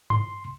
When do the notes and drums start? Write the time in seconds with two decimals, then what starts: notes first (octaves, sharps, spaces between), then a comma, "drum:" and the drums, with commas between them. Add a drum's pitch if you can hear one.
0.10 C6, drum: tom G2